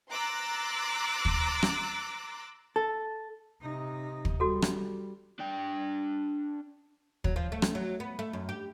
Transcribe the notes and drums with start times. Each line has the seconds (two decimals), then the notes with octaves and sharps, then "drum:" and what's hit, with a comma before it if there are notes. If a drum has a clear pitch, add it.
0.13 A#5 C6 D6 E6 F#6 A6
1.25 drum: kick
1.63 drum: rim click
2.76 A4
3.61 C3 D#4
4.25 drum: kick
4.40 G3 F#4 A4
4.62 drum: rim click
5.39 D4 G5
7.24 F#3, drum: kick
7.36 F3
7.52 A3
7.62 drum: rim click
7.75 F#3
8.00 B3
8.19 A3
8.33 F#2
8.49 G4